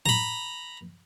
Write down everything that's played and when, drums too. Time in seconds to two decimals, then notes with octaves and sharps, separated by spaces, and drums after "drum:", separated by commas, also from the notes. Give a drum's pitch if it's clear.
0.06 A#5 B5, drum: tom A2